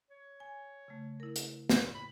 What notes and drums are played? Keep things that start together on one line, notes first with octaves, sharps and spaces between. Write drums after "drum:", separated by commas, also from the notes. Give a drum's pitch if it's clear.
C#5
G#5
C#3 A3
E4 A#4
drum: hi-hat
A2, drum: snare
B5